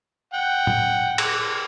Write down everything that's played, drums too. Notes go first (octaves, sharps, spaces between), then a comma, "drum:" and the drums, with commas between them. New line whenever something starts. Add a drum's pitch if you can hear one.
F#5 G5
drum: tom A2
drum: cymbal